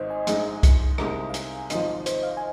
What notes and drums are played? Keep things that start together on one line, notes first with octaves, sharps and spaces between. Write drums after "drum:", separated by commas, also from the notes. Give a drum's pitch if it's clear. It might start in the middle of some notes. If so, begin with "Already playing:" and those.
Already playing: G#1 G#2 C5 D#5
G#5
A#1 G#2 G#3 D#4, drum: hi-hat
drum: kick C2, hi-hat
C2 C3 G#3 D#4 A#5, drum: rim click
F5
G#5, drum: hi-hat
G#1 G#2 F3 D#5, drum: hi-hat
C5, drum: hi-hat
F5
G#5